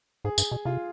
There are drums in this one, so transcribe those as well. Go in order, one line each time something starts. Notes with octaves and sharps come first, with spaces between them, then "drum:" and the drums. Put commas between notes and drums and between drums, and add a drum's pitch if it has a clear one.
G#2 G#4
G2, drum: tambourine
B2
C3 F4